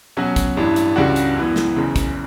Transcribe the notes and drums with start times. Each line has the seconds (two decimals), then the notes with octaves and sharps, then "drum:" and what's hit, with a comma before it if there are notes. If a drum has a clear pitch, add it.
0.17 B2 F#3 C#4 F#4
0.36 drum: kick, hi-hat
0.57 A1 G2 E3
0.76 drum: hi-hat
0.96 C#2 C#3 G3 D4 F#4
1.16 drum: hi-hat
1.36 F#2 E3 B3
1.56 drum: snare
1.76 F#1 E2 C#3
1.96 drum: kick, hi-hat